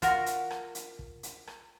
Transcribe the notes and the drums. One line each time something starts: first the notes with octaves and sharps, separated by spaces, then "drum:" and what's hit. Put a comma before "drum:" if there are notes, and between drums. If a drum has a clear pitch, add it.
F4 F#4 A#4, drum: kick, hi-hat
drum: hi-hat
drum: rim click
drum: hi-hat
drum: kick
drum: hi-hat
drum: rim click